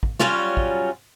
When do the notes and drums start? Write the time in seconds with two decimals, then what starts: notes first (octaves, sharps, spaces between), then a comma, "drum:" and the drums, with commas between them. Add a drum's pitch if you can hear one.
0.03 drum: kick
0.20 F#3 G3 C#4 F4, drum: snare
0.57 drum: kick